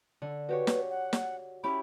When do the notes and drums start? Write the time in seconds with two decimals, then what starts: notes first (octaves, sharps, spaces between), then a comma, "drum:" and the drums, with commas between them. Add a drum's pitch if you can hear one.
0.22 D3
0.49 F#4 G4 B4 C#5
0.67 drum: snare
0.90 F#5
1.13 drum: snare
1.64 C#4 E4 G4 B5